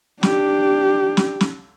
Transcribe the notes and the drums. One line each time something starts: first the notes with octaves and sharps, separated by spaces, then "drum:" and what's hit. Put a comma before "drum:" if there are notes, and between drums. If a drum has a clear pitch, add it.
D4 G4, drum: snare
drum: snare
drum: snare